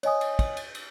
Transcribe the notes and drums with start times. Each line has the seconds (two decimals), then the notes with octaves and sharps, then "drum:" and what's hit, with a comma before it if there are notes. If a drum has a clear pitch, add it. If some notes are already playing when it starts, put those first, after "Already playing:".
0.03 C#5 D#5 G#5 D#6, drum: cymbal
0.21 drum: cymbal
0.39 drum: kick, cymbal
0.57 drum: cymbal
0.75 drum: cymbal